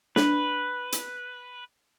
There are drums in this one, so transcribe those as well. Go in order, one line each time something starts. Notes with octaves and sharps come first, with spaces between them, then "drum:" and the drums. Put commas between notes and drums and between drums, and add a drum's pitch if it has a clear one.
D4 B4, drum: snare
drum: hi-hat